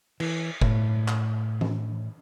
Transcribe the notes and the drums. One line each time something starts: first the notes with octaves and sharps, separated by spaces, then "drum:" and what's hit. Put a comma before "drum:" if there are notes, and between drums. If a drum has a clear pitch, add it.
E3, drum: cymbal
A2, drum: kick
drum: clap
drum: tom E3